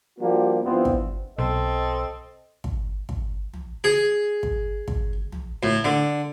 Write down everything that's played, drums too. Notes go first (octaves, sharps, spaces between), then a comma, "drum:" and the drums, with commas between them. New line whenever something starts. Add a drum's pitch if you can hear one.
F3 G3 A#3 D4 F#4 G4
G2 F3 B3 C4 E4 F4
drum: kick
B1 C4 A4 D#5
drum: kick
drum: kick
drum: tom
G#4
drum: kick
drum: kick
drum: tom
A2
D3